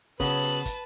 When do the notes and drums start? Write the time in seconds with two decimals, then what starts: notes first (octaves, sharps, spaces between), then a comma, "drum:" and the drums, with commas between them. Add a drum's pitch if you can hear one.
0.20 C#3 F#3 B3 B4 A5 F#7, drum: kick, open hi-hat
0.43 drum: open hi-hat
0.66 drum: kick, hi-hat